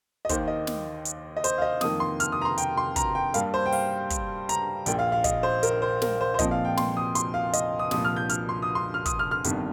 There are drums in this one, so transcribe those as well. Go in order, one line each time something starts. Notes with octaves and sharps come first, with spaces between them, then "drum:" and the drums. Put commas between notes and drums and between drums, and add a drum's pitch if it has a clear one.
D#5
D#2 D#3 A#3 C5, drum: kick, hi-hat
D#5
drum: snare
drum: hi-hat
D#5
C5, drum: hi-hat
F5
D#5
F2 D#3 A#3 D#6, drum: snare
C6
F6, drum: hi-hat
D#6
A#5
C6
G5, drum: hi-hat
C6
A#5, drum: kick, hi-hat
G5
G2 G3 A#3 F5, drum: hi-hat
C5
G5
F5, drum: open hi-hat
drum: kick, hi-hat
A#5, drum: hi-hat
A#1 A#2 A#3 G5, drum: hi-hat
F5
F5
D#5, drum: kick, hi-hat
C5
A#4, drum: hi-hat
C5
A#4, drum: snare
C5
C5
A#1 A#2 F3 C4 D#5, drum: kick, hi-hat
F5
G5
C6, drum: snare
D#6
C6, drum: hi-hat
F5
D#5, drum: hi-hat
D#6
C2 A#2 F3 D#6, drum: snare
F6
G6
F6, drum: hi-hat
C6
D#6
C6
F6
D#6, drum: kick, hi-hat
F6
F6
G1 G2 D#3 C4, drum: hi-hat